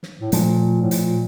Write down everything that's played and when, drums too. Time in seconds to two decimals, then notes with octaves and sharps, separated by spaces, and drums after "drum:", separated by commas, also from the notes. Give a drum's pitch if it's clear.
0.03 drum: snare
0.21 A2
0.32 A#2 F3 A3, drum: hi-hat
0.81 A2
0.91 A#2, drum: hi-hat